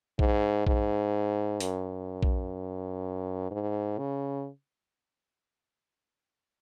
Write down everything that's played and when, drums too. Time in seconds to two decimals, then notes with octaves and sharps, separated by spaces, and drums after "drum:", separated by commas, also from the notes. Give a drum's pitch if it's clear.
0.19 G#2, drum: kick A#1
0.67 G#2, drum: kick A#1
1.60 F#2, drum: hi-hat
2.23 drum: kick A#1
3.51 G#2
3.98 C#3